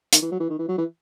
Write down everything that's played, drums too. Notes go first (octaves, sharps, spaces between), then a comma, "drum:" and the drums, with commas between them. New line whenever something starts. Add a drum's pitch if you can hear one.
D#3, drum: hi-hat
E3
F#3
E3
D#3
E3
F#3
E3